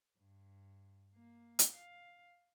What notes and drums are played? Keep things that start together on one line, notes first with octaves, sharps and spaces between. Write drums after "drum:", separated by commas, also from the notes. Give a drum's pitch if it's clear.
G2
A#3
drum: hi-hat
F5